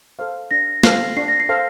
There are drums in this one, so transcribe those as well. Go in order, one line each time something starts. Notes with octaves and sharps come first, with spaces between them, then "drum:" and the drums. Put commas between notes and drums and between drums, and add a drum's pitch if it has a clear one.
A4 C5 F5
D4 A#6
A4 C5 F5 C7, drum: snare
D4 C7
A#6
C7
A4 C5 F5